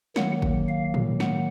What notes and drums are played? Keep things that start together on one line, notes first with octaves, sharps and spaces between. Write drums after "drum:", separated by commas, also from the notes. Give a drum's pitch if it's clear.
D#3 F#3 A#3 F#5, drum: snare
drum: kick
F5
drum: tom A2
F#5, drum: snare